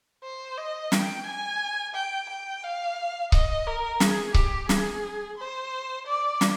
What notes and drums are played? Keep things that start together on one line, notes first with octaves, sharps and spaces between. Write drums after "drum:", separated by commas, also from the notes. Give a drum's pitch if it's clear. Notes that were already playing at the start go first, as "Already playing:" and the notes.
C5
D#5
G5, drum: snare
G#5
G5
G5
F5
D#5, drum: kick C#1
A#4
G#4, drum: snare
G4, drum: kick C#1
G#4, drum: snare
C5
D5
drum: snare